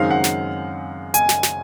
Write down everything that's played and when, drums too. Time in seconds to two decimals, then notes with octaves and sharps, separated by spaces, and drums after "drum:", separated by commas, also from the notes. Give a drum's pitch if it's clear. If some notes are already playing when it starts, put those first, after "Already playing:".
Already playing: F#2 D#3 G#3 C4 D#4 F5
0.11 F#5
0.24 drum: snare
1.14 G#5, drum: hi-hat
1.29 drum: snare
1.43 drum: snare